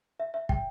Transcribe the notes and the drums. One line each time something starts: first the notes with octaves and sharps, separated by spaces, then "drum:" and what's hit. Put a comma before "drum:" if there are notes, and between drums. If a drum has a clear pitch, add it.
E5
E5
G5, drum: kick